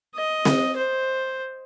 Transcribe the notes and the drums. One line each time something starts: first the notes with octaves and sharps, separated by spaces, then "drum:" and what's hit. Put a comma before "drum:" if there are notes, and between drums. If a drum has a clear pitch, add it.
D#5
drum: snare C4
C5